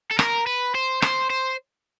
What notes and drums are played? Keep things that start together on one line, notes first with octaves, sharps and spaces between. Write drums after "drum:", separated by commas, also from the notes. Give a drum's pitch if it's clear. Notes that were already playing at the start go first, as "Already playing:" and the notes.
A4
A#4, drum: rim click
B4
C5
C5, drum: rim click
C5